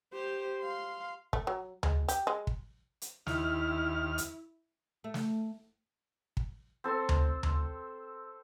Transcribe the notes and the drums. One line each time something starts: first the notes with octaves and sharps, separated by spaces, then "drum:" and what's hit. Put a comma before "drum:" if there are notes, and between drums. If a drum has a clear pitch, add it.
G4 C5
F5 C6
A3, drum: kick
F#3
G#3, drum: tom D2
G4, drum: hi-hat
G#3
drum: kick
drum: hi-hat
D#2 E4 F6, drum: snare
drum: hi-hat
A3
drum: snare
drum: kick
C4 A4 C5 C6
drum: tom D2
drum: tom D2